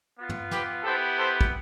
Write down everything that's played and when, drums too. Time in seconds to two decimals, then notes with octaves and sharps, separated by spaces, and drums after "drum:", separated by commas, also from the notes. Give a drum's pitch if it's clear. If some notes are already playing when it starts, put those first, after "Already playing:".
0.18 B3 F4
0.29 drum: tom
0.51 G4 B4, drum: snare
0.84 B3 E4 G4 A4 C5
1.17 A4 C5
1.41 drum: kick